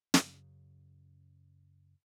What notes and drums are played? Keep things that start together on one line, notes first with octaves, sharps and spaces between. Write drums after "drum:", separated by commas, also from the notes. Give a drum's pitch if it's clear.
F#2 C#3, drum: snare